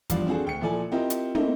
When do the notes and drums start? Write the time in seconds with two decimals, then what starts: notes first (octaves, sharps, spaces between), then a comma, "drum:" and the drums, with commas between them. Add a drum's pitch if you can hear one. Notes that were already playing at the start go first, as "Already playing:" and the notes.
0.10 E2 G2 F3 B3 D5 F5, drum: kick, hi-hat
0.27 C4 D4 F#4 G#4 A4
0.45 D2 G5 C#7
0.61 A#2 F3 E4 A4 D5 G#5
0.92 C4 E4 F4 G4 A#4 D#5
1.10 drum: hi-hat
1.35 A3 A#3 C4 D#4 E4, drum: tom